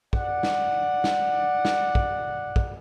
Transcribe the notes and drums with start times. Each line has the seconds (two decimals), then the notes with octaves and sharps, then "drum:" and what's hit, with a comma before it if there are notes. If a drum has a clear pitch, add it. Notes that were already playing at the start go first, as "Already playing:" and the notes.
0.13 D5 F#5, drum: kick
0.43 drum: snare
1.04 drum: snare
1.65 drum: snare
1.95 drum: kick
2.56 drum: kick